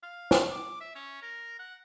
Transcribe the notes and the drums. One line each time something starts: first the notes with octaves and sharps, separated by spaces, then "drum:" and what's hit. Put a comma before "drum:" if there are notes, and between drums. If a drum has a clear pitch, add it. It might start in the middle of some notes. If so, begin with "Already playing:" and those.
F5
drum: snare
D6
E5
C#4
A#4
F#5